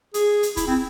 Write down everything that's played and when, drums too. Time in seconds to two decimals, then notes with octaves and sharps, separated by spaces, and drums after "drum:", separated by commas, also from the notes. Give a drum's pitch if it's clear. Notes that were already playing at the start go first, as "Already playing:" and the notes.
0.14 G#4, drum: hi-hat
0.43 drum: hi-hat
0.57 E4, drum: kick, hi-hat
0.68 C4